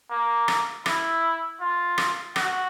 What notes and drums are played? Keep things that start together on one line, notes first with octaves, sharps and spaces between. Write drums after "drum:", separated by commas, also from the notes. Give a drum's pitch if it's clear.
A#3
drum: rim click
E4, drum: rim click
F4
drum: rim click
F#4, drum: rim click